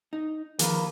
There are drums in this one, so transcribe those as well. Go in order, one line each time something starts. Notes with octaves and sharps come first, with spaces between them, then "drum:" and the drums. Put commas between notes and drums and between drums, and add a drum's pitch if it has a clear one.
D#4
D#3 F3 A#3 G#4 B4, drum: hi-hat